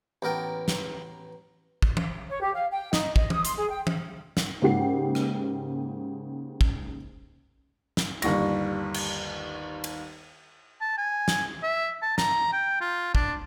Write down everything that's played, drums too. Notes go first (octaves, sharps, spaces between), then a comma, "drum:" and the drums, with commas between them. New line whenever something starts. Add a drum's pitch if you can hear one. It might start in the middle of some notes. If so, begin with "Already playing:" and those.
A1 B3 A#4 G5
drum: snare
drum: kick
drum: tom E3
C#5
G4
F5
G5
D#4, drum: snare
D#5, drum: kick
D#6, drum: tom E3
C6, drum: hi-hat
G#4
G5
drum: tom E3
drum: snare
G#2 C#3 A#3 G4 F#5 C7
drum: rim click
drum: kick
drum: snare
G1 D#2 G3 C#6 A#6, drum: cymbal
drum: cymbal
drum: cymbal
A5
G#5
drum: snare
E5
A5
A#5, drum: snare
G5
F4
D4, drum: kick